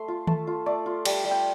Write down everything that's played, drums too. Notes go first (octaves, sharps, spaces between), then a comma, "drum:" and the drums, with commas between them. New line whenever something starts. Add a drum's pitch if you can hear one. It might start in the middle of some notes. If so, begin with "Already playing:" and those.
Already playing: A3 C6
F4
A3 A5, drum: tom D#3
F4
A3 D5
F4
G3, drum: cymbal
G3
G5